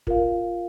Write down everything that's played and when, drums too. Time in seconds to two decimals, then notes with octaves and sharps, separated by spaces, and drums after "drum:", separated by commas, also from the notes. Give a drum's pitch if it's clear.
0.07 F4 A#4 F5, drum: kick